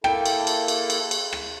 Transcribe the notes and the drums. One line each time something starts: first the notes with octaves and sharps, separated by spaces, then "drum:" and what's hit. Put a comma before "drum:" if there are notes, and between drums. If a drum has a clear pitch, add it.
A#3 E4 A4 G5, drum: rim click
drum: cymbal
drum: cymbal
drum: cymbal
drum: cymbal
drum: cymbal
drum: rim click